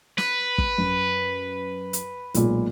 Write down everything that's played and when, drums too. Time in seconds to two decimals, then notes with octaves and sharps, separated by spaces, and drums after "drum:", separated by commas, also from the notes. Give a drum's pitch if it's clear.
0.18 B4, drum: snare
0.58 drum: kick
0.78 F#2
1.93 drum: hi-hat
2.34 B1 A#2 G#3, drum: hi-hat